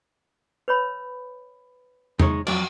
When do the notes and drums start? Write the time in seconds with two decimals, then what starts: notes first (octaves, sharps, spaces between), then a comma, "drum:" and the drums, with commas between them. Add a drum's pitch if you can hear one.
0.68 B4 C#5 B5
2.19 G#3 D#4 C#5, drum: tom E2
2.47 F2 F#3 D5, drum: cymbal